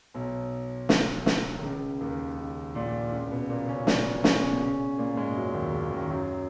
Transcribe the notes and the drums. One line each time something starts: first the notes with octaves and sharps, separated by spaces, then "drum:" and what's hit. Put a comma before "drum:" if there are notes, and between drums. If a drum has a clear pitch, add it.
B1 B2
drum: snare
drum: snare
D#3
C#2 C#3
D#2 D#3
C#2 C#3
A#1 A#2
C#2 C#3
B2 B3
A#2 A#3
C#3 C#4
A#2 A#3, drum: snare
B2 B3
C#3 C#4, drum: snare
B2 B3
C#3 C#4
A#2 A#3
G#2 G#3
F#2 F#3
D#2 D#3
C#2 C#3
D#2 D#3
F#2 F#3